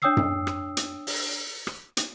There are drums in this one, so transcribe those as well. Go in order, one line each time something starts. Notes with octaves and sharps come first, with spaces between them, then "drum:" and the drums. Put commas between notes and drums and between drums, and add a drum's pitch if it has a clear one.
D4 C#5 G5 D#6 E6 C7
drum: tom F#2
drum: rim click
drum: hi-hat
drum: open hi-hat
drum: rim click
drum: hi-hat